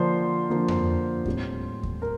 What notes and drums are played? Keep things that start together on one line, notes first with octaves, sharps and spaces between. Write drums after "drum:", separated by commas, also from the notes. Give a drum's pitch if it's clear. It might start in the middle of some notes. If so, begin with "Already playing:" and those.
Already playing: D3 F3 A#3 D4 C5 C6
D3 F3 A#3 D4
drum: tom F2
A2 G3 C4, drum: kick D#2
drum: kick D#2
A#4